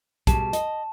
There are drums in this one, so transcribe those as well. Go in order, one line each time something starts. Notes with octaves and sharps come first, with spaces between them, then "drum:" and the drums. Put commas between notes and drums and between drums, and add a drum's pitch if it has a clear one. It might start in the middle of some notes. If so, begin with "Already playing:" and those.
B2 G3 G#4 A5, drum: kick, hi-hat
D#5, drum: hi-hat